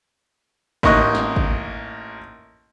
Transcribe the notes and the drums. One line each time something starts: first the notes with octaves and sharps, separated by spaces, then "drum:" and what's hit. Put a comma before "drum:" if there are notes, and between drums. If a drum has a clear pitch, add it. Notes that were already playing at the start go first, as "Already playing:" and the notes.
A1 A#3 D#4 C#6 D#6 F#6, drum: kick
drum: snare
drum: kick